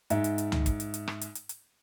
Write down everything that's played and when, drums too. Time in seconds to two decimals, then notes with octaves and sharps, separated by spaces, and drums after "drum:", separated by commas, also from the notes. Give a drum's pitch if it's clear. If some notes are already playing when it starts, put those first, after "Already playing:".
0.10 G#2 E5, drum: hi-hat
0.24 drum: hi-hat
0.38 drum: hi-hat
0.52 drum: tom C#2
0.66 drum: kick, hi-hat
0.80 drum: hi-hat
0.94 drum: hi-hat
1.08 drum: rim click
1.21 drum: hi-hat
1.35 drum: hi-hat
1.49 drum: hi-hat